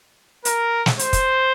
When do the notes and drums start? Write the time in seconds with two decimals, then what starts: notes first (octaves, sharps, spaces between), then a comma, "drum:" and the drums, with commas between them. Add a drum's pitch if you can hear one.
0.45 A#4, drum: hi-hat
0.86 drum: snare
0.99 C5, drum: hi-hat
1.13 drum: kick, hi-hat